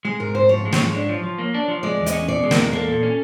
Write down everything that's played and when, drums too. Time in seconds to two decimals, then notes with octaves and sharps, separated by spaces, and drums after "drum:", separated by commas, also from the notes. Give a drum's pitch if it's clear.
0.05 G#3 G#4
0.20 G#2 A#4
0.34 G#2 C5
0.49 F3 C#5
0.65 G#3
0.72 C#5, drum: snare
0.80 G#2
0.95 D4
1.09 F3
1.23 F3
1.38 A#3
1.54 D4
1.68 F3
1.83 G#3 D5
1.98 E2
2.06 D#5, drum: hi-hat
2.13 C#4
2.28 B2 D5
2.43 G#3
2.51 A#4, drum: snare
2.57 E2
2.72 A#3 A4
2.88 A#2
3.03 C#4